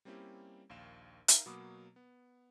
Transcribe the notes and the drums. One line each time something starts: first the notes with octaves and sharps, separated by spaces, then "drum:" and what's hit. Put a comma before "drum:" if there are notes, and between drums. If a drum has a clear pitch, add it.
G3 A#3 C4 C#4 E4 G4
A#1 D#2 F5 E7
D#4 A#4 E5 F5, drum: hi-hat
B2 F#3 A#3 B5 D6 D#6
B3